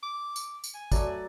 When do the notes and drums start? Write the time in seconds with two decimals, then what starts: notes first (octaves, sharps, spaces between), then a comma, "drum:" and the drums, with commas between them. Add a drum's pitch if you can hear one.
0.03 D6
0.36 drum: tambourine
0.64 drum: tambourine
0.74 G#5
0.92 F#3 A3 D5, drum: kick, tambourine